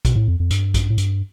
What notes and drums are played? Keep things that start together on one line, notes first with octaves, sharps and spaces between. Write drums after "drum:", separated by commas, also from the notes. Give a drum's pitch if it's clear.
B2, drum: kick A#1, hi-hat
A2
F2
F2
G2, drum: hi-hat
drum: kick A#1, hi-hat
A2
G2, drum: hi-hat